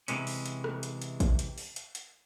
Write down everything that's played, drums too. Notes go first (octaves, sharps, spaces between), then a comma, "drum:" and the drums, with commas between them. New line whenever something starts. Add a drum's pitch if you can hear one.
C3 E3 G#3 C#4, drum: hi-hat
drum: open hi-hat
drum: hi-hat
drum: rim click
drum: hi-hat
drum: hi-hat
drum: kick, hi-hat
drum: hi-hat
drum: open hi-hat
drum: hi-hat
drum: hi-hat